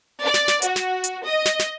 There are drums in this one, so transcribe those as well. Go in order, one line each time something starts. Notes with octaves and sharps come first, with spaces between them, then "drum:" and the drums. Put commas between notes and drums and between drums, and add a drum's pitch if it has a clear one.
D5
drum: snare
drum: snare
F#4, drum: hi-hat
drum: snare
drum: hi-hat
D#5
drum: snare
drum: snare